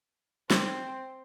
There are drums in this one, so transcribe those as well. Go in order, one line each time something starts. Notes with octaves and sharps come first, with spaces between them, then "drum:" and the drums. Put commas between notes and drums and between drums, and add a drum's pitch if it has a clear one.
C4, drum: snare